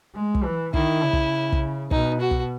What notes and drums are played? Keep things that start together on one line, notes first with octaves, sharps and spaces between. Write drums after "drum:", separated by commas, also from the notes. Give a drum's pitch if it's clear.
G#3
drum: kick
E3
D#3 E4, drum: kick
C#3
drum: kick
drum: kick
B2 D#4, drum: kick
F#4
drum: kick